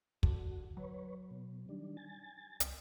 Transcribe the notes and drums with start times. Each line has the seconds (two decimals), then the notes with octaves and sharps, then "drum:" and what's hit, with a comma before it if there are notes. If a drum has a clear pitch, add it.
0.23 D3 F#4, drum: kick
0.77 F#3 B4 C#5
1.31 B2
1.69 D#3 G3 D4
1.97 G#5 A6
2.60 C2, drum: hi-hat